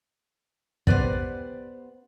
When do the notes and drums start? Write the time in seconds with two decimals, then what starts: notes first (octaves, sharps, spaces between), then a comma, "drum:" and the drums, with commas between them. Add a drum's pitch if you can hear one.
0.87 B3 G4 B4 C5 D5, drum: kick